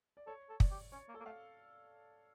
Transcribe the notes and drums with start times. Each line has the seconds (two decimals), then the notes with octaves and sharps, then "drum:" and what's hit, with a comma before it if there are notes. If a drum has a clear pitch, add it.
0.17 D5
0.27 A4 C#5
0.49 A4
0.60 D5, drum: kick
0.71 G4
0.92 C#4 C#5
1.09 A#3
1.14 A4
1.20 A#3
1.25 A3 F5